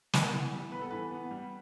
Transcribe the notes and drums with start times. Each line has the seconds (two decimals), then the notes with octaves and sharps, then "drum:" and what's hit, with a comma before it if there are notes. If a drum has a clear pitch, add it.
0.13 B3, drum: snare
0.33 E3
0.52 G3
0.72 B3 B4
0.81 A4
0.91 E3 B4
1.11 B3
1.31 G3